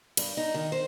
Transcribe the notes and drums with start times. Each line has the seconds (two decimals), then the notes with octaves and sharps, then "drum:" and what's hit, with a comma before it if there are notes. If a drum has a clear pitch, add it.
0.17 G2, drum: cymbal
0.37 D#4
0.54 D#3
0.72 C5